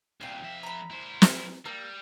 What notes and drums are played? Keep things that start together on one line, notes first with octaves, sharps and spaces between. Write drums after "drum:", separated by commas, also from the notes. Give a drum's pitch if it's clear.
C2 A#2 F5 G5
F2 E5
A#5 B5
E4 C5
drum: snare
G3 A#3 A#4 E6